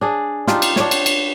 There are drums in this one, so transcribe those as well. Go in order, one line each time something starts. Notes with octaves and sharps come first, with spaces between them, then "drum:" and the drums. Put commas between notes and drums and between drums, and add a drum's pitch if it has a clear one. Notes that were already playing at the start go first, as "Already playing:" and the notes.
D4 G#4
D4 D#4 F4 G4, drum: snare
drum: cymbal
D4 C#5, drum: snare
drum: cymbal
drum: cymbal